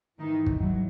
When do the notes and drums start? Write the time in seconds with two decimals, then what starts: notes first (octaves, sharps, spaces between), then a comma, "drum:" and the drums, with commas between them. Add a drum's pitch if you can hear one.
0.19 G#2 D#3 E3 D#4
0.46 drum: kick
0.60 F#3